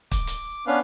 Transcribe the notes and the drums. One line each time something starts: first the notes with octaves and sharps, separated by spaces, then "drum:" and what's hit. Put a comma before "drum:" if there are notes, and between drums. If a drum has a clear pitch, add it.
D6, drum: kick, hi-hat
drum: hi-hat
B3 C#4 D4 B4 F5